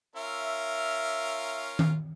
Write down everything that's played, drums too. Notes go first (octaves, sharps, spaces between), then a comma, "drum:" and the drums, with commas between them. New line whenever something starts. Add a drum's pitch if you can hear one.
C#4 F4 A#4 E5
drum: tom D#3